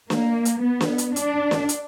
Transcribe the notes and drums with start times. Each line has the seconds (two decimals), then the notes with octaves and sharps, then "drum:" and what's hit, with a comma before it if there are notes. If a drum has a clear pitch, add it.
0.10 A#3, drum: snare
0.45 drum: hi-hat
0.63 B3
0.81 drum: snare
0.98 drum: hi-hat
1.16 D4, drum: hi-hat
1.51 drum: snare
1.69 drum: hi-hat